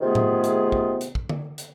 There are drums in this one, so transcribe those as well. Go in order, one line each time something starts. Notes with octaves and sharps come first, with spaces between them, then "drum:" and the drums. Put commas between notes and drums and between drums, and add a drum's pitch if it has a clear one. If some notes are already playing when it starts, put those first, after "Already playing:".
C3 D#3 A3 B3 F4 G#4
drum: tom A2
drum: hi-hat
drum: kick
drum: hi-hat
drum: kick
drum: tom D3
drum: hi-hat